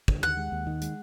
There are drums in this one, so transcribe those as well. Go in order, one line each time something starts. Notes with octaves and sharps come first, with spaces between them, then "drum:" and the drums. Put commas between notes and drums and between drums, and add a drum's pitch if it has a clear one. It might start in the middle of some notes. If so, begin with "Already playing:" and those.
D3, drum: kick
D#2 F#5
G#3
D#2
D#3
G#3, drum: hi-hat